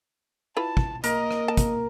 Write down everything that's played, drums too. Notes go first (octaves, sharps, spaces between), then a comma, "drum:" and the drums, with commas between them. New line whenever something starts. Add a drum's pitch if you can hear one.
E4 F4 B4 A5
drum: kick
A#3 A#4 D#5, drum: hi-hat
drum: rim click
A5
drum: kick, hi-hat